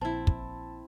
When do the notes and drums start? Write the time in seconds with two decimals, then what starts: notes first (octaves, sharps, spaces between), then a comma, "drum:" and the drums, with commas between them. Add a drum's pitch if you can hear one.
0.01 A#1 C4 E4 A5
0.27 drum: kick